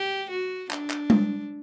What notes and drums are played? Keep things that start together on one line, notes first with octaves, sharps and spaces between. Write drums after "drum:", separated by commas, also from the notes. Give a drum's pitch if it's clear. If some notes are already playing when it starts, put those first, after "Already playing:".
Already playing: G4
F#4
D4, drum: clap
drum: clap
drum: tom G#3